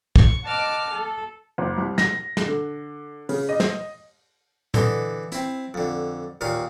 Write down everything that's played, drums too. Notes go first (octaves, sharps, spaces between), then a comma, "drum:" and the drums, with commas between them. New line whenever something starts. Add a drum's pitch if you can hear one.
C#6, drum: kick
D#5 F#5 A5 D6 F6
A4
F#1
C2
A#6, drum: snare
drum: snare
D3
C#3, drum: open hi-hat
D#5
drum: snare
D3 E3 A4 D#5, drum: tom
C4 E4, drum: hi-hat
F2 D3
D#2 A#2 F5 D#6